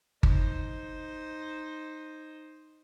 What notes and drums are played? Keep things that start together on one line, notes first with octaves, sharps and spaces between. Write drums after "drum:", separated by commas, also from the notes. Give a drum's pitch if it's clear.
D#4 C5, drum: kick G1